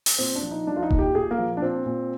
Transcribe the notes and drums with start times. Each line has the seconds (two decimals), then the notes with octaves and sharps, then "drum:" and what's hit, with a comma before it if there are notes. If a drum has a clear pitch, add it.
0.06 drum: open hi-hat
0.18 A#2 C4
0.35 D4
0.42 F3
0.51 D#4
0.67 F3 D4
0.76 F4
0.83 D#4
0.90 A#2, drum: kick D#1
0.99 G4
1.15 A#2 G#4
1.31 A#3
1.38 F3
1.57 D4
1.62 A#2 C4
1.86 A#2